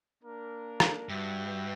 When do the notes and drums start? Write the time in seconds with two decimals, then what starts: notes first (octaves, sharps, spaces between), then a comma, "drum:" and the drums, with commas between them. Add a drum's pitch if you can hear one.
0.22 A#3 D4 A#4
0.80 drum: rim click
1.09 G2 F#4 B4 E5 G5